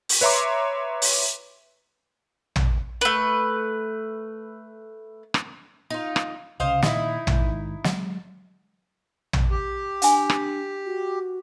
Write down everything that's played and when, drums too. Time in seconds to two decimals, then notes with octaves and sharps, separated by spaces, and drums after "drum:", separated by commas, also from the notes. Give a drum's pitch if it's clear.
0.09 drum: open hi-hat
0.21 B4 C#5 E5 A#5 C6 D6
1.02 drum: open hi-hat
2.56 drum: tom
3.01 A3 B4
5.34 drum: rim click
5.90 D#4 F4
6.16 drum: rim click
6.60 C2 C#3 C5 D#5 F5
6.83 A#2 D#3 D#4 E4, drum: snare
7.27 G#2 D#3, drum: tom
7.84 F#3 G#3, drum: snare
9.33 drum: tom
9.51 G4
10.02 D4 F#5 G#5, drum: hi-hat
10.30 drum: rim click
10.86 F#4